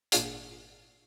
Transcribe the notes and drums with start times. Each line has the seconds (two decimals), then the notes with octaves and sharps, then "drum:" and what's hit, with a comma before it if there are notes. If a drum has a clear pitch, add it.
0.12 G#1 A#2 D4 F4 G#4 C#6, drum: hi-hat